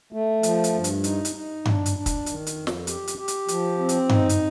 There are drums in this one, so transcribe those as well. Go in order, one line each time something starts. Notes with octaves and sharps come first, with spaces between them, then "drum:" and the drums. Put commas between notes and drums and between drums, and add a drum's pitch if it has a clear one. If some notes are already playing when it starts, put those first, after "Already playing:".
A3
F3, drum: hi-hat
drum: hi-hat
G2
drum: hi-hat
D#4, drum: hi-hat
drum: hi-hat
D#4
D4, drum: tom G2
drum: hi-hat
D4
drum: kick, hi-hat
D#3, drum: hi-hat
drum: hi-hat
F2
drum: snare
G4, drum: hi-hat
drum: hi-hat
G4
drum: hi-hat
F3, drum: hi-hat
C4
drum: hi-hat
D#4, drum: tom G2
drum: hi-hat